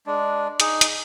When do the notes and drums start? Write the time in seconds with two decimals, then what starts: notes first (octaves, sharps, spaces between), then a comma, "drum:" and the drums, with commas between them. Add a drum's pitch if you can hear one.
0.06 G#3 D4
0.60 D#4 G#4, drum: hi-hat
0.81 drum: hi-hat